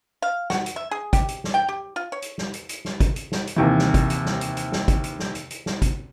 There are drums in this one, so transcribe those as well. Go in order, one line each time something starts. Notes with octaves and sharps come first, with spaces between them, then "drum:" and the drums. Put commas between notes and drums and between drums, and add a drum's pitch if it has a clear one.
F5
F#4, drum: snare
drum: hi-hat
E5
G#4
G4, drum: kick, hi-hat
drum: hi-hat
drum: snare
G5
G4
F4
C#5
drum: hi-hat
drum: snare
drum: hi-hat
drum: hi-hat
drum: snare
drum: kick, hi-hat
drum: hi-hat
drum: snare
drum: hi-hat
D#2 C3 E3
drum: snare
drum: kick, hi-hat
drum: hi-hat
drum: snare
drum: hi-hat
drum: hi-hat
drum: snare
drum: kick, hi-hat
drum: hi-hat
drum: snare
drum: hi-hat
drum: hi-hat
drum: snare
drum: kick, hi-hat